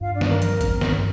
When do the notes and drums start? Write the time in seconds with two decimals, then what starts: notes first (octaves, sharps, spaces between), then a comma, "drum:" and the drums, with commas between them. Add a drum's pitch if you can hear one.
0.01 G2 F4 F5
0.15 D4 D5
0.21 G2, drum: snare
0.28 A#4
0.42 F3, drum: hi-hat
0.61 C4, drum: kick G#1, hi-hat
0.81 G2, drum: snare